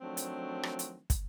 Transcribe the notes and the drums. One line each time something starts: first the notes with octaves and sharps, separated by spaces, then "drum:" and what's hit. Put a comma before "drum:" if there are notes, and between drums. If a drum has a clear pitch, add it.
D#3 F3 F#3 A3 C4 D4
drum: hi-hat
drum: rim click
drum: hi-hat
drum: kick, hi-hat